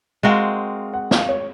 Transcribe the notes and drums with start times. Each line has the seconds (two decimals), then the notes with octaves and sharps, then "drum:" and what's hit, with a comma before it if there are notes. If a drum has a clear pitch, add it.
0.23 G#3 C4 F#4 A#4 F5
0.94 F#5
1.11 F5, drum: snare
1.29 C#5